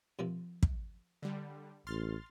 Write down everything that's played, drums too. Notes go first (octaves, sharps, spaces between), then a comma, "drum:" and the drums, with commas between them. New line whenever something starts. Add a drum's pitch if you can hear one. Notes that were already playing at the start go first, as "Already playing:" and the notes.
C3 F3 A#3
drum: kick
D3 G3
A1 C6 F6 A6